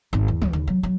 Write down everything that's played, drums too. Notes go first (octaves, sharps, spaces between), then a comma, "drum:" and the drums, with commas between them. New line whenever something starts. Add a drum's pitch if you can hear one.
G#1
E2
D2, drum: tom
D#2
F#3
F#3